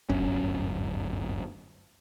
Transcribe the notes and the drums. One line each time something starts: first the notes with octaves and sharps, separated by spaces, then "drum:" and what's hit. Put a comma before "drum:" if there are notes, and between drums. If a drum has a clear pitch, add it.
D1 G1 F#2 C#4, drum: kick